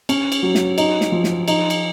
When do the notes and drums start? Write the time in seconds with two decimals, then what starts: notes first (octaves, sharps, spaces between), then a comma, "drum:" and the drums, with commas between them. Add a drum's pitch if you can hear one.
0.09 C#4, drum: cymbal
0.32 drum: cymbal
0.43 F#3
0.55 drum: snare
0.78 D#4, drum: cymbal
1.01 drum: snare
1.12 F3
1.24 drum: snare
1.48 D#4, drum: cymbal
1.70 drum: cymbal